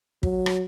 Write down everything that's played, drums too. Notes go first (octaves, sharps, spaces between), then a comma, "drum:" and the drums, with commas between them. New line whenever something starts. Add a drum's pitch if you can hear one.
F#3, drum: kick
drum: rim click